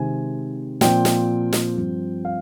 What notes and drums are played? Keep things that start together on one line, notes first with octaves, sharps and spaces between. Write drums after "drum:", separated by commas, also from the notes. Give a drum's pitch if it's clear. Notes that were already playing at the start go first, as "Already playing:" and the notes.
Already playing: C3 D#3 G#3 C4 G#5
A#2 F3 C4 G5, drum: snare
drum: snare
drum: snare
G2 F3 C4
F5